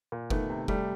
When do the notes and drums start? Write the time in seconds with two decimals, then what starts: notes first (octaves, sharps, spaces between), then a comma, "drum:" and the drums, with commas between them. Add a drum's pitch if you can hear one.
0.12 A#2
0.30 D#3 A3 B3, drum: kick F1
0.50 C3
0.68 C3 G3 A3, drum: kick F1